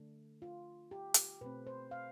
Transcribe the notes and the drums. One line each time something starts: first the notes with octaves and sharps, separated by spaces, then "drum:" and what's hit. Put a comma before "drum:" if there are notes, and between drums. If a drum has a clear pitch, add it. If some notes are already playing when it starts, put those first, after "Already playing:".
Already playing: D3 A3 D4
F4
G4
drum: hi-hat
B2 A3 C4 B4
C5
F5